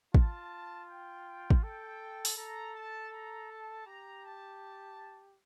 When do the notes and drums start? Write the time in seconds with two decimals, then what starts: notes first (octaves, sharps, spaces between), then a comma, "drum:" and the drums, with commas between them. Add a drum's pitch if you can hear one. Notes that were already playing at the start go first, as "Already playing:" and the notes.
0.14 F4 A5, drum: kick
0.89 G5
1.50 drum: kick
1.63 A4 G5
2.25 drum: open hi-hat
2.37 A4 A#5
2.74 A5
3.12 A#5
3.50 A5
3.86 G4 A#5
4.24 A5